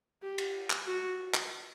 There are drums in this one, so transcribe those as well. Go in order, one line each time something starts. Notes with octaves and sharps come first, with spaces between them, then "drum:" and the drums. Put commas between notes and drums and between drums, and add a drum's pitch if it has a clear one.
G4
drum: cymbal
drum: clap
F#4
drum: clap